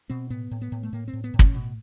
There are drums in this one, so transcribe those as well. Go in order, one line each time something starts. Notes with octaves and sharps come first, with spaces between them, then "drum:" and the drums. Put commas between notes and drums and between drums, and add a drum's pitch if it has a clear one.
B2 C4
A2 B3
A2
B3
A2
A3
A2 A#3
C4
A2
B3
A2
C#4, drum: kick
B2